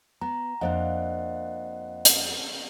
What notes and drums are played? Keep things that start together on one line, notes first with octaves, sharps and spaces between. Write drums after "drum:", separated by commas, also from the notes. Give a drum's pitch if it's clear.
B3 A#5
F2 A#3 D4 C5 D#5 F#5
drum: hi-hat